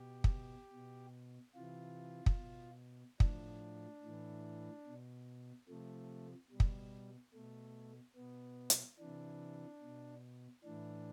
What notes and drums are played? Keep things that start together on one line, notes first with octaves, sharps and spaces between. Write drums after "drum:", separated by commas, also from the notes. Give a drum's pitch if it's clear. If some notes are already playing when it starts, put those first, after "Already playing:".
Already playing: B2 G4
drum: kick
B2
C3 E3 F4
drum: kick
B2
A2 F3 D4, drum: kick
A2 E3
B2
C3 F3 A3
B2 G3
drum: kick
B2 A3
B2 B3
drum: hi-hat
C3 E3 D4
B2
A2 E3 D4